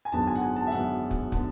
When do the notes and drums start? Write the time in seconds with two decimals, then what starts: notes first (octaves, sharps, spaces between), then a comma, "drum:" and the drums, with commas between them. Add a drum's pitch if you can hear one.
0.05 G#5
0.12 G#1 F#2 D3 G#3 B3 A5
0.27 G#5
0.35 F#5
0.41 G#5
0.56 A5
0.67 E5
0.72 G#1 F#2 D3 G#3 B3 F#5
1.11 drum: kick
1.32 D3 G#3 B3, drum: kick